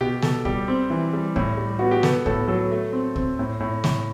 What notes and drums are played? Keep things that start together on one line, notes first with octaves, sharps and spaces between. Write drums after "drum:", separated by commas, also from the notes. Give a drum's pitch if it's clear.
B2 G4
B2 A4, drum: snare
G3 G4, drum: kick
C4
E3
G3
A2, drum: kick
G3
B3 F#4
G4
B3 A4, drum: snare
A2 A4, drum: kick
F#3 A4
A3
C4
C4, drum: kick
A2
A2
A2, drum: snare